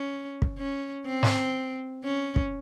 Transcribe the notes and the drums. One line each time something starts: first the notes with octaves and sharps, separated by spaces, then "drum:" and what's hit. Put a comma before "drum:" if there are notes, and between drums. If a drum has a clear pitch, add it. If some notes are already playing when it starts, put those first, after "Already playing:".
Already playing: C#4
drum: kick
C#4
C4
drum: snare
C#4
drum: kick